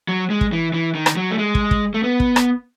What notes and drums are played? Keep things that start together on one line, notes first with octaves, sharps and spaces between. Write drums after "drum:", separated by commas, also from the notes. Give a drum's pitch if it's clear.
F#3
G#3
drum: kick
E3
E3
D#3
drum: rim click
F#3
A3
G#3
drum: kick
drum: kick
A3
B3
drum: kick
drum: rim click